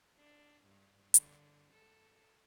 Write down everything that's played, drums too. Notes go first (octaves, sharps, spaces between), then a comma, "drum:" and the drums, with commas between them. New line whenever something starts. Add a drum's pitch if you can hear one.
D4
G2
D3, drum: hi-hat
A4